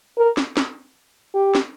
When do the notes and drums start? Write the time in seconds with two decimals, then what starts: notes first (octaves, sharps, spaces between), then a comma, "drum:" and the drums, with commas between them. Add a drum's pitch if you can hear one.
0.18 A#4
0.37 drum: snare
0.57 drum: snare
1.35 G4
1.55 drum: snare